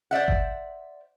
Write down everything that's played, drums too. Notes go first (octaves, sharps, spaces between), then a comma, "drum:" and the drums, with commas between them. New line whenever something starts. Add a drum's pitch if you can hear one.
C5 D5 E5 F#5
drum: kick G1